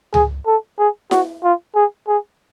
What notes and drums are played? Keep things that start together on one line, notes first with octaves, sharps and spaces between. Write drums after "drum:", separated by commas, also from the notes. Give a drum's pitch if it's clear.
G#4, drum: tom C#2
A4
G#4
F#4, drum: snare E4
F4
G#4
G#4